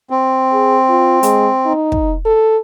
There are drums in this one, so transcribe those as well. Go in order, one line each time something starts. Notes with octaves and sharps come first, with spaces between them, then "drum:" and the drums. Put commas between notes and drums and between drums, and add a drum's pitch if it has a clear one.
C4
G#4
F4
G#3, drum: hi-hat
D#4
drum: kick
A4